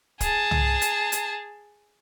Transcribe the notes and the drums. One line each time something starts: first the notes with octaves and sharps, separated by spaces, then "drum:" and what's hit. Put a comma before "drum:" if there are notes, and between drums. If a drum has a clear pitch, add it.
G#4 A5, drum: kick, hi-hat
drum: tom
drum: hi-hat
drum: hi-hat